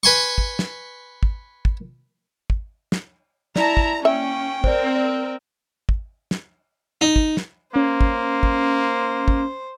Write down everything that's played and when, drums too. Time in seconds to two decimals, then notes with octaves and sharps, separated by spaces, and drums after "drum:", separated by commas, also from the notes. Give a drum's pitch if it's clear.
0.03 B4 G#5 C6 C#6
0.38 drum: kick
0.59 drum: snare
1.23 drum: kick
1.65 drum: kick
2.50 drum: kick
2.92 drum: snare
3.56 E4 D5 A5 A#5, drum: snare
3.77 drum: kick
4.05 A#3 C#4 E5 G5
4.64 C4 A#4 C5 D5, drum: kick
4.96 D5
5.89 drum: kick
6.31 drum: snare
7.01 D#4
7.16 drum: kick
7.37 drum: snare
7.76 A#3 C#4 C5
8.01 drum: kick
8.43 drum: kick
9.28 drum: kick